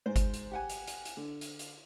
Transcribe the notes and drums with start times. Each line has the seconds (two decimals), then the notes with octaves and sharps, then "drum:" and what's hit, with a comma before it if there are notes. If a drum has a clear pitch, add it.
0.06 G#2 C5
0.16 drum: kick G1, hi-hat
0.34 drum: hi-hat
0.52 G4 F#5 G#5
0.70 drum: hi-hat
0.87 drum: hi-hat
1.05 drum: hi-hat
1.17 D3
1.41 drum: hi-hat
1.59 drum: hi-hat